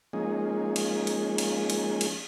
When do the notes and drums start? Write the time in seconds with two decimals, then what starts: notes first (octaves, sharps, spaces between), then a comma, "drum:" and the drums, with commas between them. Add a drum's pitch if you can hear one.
0.13 F3 G#3 A#3 C#4 D#4 G#4
0.76 drum: cymbal
1.07 drum: cymbal
1.38 drum: cymbal
1.70 drum: cymbal
2.01 drum: cymbal